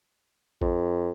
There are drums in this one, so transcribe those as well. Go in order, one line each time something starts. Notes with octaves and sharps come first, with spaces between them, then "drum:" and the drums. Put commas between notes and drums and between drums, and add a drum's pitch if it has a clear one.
F2, drum: kick A1